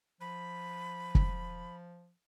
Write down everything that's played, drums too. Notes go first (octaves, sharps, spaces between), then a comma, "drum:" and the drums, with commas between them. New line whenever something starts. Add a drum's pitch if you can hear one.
F3 B5
drum: kick